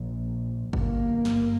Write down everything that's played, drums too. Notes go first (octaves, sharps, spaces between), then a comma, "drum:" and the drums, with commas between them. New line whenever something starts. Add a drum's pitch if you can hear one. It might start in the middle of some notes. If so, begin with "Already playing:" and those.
Already playing: A#1 A#2
G1 G2 A#3, drum: kick
drum: snare